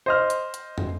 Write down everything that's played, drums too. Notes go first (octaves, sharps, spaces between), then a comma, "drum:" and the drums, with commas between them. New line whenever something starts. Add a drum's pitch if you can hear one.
C5 D#5 F6
drum: hi-hat
drum: hi-hat
drum: tom